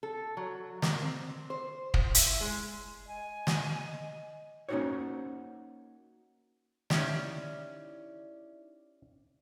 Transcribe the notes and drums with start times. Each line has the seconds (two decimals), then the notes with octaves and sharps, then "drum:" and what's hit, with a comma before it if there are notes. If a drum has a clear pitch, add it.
0.03 A4
0.37 F#3
0.82 A#3, drum: snare
1.02 C4
1.50 C5
1.94 drum: kick
2.15 E4, drum: hi-hat
2.41 G#3
3.08 D#5 G#5
3.47 drum: snare
4.69 A#3 C#4 D#4 F#4 C5 C#5
6.90 C#4 D#4 E4 G4 D5, drum: snare